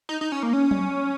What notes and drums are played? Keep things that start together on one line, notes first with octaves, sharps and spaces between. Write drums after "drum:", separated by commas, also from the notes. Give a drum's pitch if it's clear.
D#4
D#4
C#4
A#3
C#4
drum: tom F#3